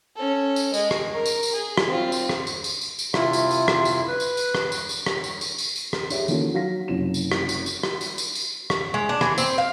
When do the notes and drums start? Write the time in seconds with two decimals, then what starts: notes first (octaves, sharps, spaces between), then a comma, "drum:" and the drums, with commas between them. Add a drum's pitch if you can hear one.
0.16 C#4 A4
0.56 drum: tambourine
0.74 G#3 D#5, drum: tambourine
0.91 drum: rim click
1.14 A#4
1.26 drum: tambourine
1.43 drum: tambourine
1.54 G#4
1.77 drum: rim click
1.88 C4 F4
2.12 drum: tambourine
2.29 drum: rim click
2.47 drum: tambourine
2.64 drum: tambourine
2.81 drum: tambourine
2.99 drum: tambourine
3.14 C3 E4 F4, drum: rim click
3.33 drum: tambourine
3.51 drum: tambourine
3.68 drum: rim click
3.85 drum: tambourine
4.08 B4
4.20 drum: tambourine
4.37 drum: tambourine
4.55 drum: rim click
4.72 drum: tambourine
4.89 drum: tambourine
5.06 drum: rim click
5.24 drum: tambourine
5.41 drum: tambourine
5.58 drum: tambourine
5.76 drum: tambourine
5.93 drum: rim click
6.10 G4 G#4 C#5 E5, drum: tambourine
6.28 D#3 E3 A#3 C#4 F#4 A4, drum: tambourine
6.54 F#3 F#4 F5 A#6 B6
6.88 F#1 F#2 C3 C#4 E7
7.14 drum: tambourine
7.32 drum: rim click
7.49 drum: tambourine
7.66 drum: tambourine
7.83 drum: rim click
8.01 drum: tambourine
8.18 drum: tambourine
8.35 drum: tambourine
8.70 drum: rim click
8.94 G#3
9.09 D4
9.21 E3, drum: rim click
9.38 C4, drum: tambourine
9.58 F5